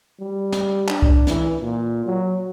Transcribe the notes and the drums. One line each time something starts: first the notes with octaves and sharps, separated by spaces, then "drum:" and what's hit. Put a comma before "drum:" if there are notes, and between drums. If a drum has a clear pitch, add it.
G3
drum: snare
D4, drum: clap
drum: kick C2
E3, drum: snare
A#2
F#3